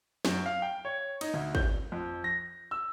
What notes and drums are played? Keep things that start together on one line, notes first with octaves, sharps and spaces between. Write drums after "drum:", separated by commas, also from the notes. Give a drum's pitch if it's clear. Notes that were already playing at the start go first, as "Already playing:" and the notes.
F#2, drum: snare
F5
G5
C#5
D#4, drum: cymbal
D2
G6, drum: kick G#1
F2
A#6
E6